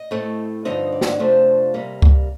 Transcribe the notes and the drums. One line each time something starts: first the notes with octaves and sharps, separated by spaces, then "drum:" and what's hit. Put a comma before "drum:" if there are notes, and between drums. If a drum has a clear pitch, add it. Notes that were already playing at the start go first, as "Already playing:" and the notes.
Already playing: D#5
A2 A3 C4
G2 D3 F3 C4 D#4 D#5
D5
drum: snare
F2 C3 F3 A3 D4 C5
C3 G3 A#3
drum: kick C#2